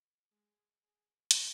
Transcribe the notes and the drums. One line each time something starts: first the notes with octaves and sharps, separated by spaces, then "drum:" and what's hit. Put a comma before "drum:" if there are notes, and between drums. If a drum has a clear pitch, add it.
G#3 G#4
G#4
drum: hi-hat